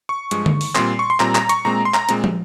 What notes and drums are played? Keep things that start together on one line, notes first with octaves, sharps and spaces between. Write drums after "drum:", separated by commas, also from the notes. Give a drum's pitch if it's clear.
C#6
G2 F3 G#3, drum: hi-hat
drum: tom D3
drum: open hi-hat
A#2 G3 C4 C6, drum: clap
C#6
C6
A#2 G3 C4 A#5, drum: clap
A#5, drum: clap
C#6, drum: hi-hat
A#2 G#3 C4 A#5
C6
A#5, drum: clap
A#2 G#3 C4, drum: hi-hat
drum: tom